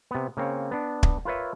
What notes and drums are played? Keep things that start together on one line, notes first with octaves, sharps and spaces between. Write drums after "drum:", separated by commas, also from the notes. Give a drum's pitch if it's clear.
C3 B3
C#3 A#3 C4 C#4 C#5
B3 D4
drum: kick
F4 A#4 B4 C#5 E5